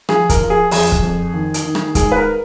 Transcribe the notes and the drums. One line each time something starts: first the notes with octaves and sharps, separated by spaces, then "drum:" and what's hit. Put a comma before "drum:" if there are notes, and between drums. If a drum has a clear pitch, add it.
F3 G#4, drum: rim click
A#4, drum: kick, hi-hat
F3
G#4
F2 G#4, drum: open hi-hat
drum: kick
F2
D#3
drum: hi-hat
D#3
drum: rim click
G#2 G#4, drum: kick, hi-hat
B4
A#4